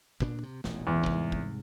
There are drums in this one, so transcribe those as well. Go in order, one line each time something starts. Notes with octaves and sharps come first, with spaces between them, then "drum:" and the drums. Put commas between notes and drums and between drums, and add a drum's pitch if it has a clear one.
D2 A#2 D4, drum: kick
C3
E1 A1 A#2, drum: snare
E2
C2 G#2, drum: kick
drum: kick